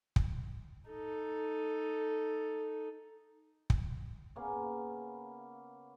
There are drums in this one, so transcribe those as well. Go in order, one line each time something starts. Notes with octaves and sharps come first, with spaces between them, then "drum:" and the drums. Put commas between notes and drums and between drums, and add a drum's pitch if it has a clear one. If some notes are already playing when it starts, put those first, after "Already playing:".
drum: kick
D#4 A4
drum: kick
C#3 A#3 B3 C#4